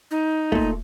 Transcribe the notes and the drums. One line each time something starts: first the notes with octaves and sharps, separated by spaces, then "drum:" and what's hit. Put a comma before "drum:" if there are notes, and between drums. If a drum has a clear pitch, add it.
D#4
A#2 A3, drum: kick